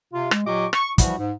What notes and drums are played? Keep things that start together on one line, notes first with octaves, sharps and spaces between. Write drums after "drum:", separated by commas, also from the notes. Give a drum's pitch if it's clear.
C3 F4
G#3, drum: rim click
A#2 F#3 G4 D#5 C#6 D6
C#6, drum: rim click
E3 F3 G3 E4 F#4, drum: kick, hi-hat
G#2